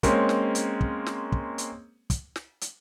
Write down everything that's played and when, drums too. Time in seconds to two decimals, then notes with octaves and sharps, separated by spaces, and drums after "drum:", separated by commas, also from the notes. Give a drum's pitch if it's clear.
0.03 G#3 A#3 C4 C#4, drum: kick, hi-hat
0.29 drum: snare
0.55 drum: hi-hat
0.81 drum: kick
1.06 drum: snare
1.32 drum: kick
1.58 drum: hi-hat
2.10 drum: kick, hi-hat
2.36 drum: snare
2.61 drum: hi-hat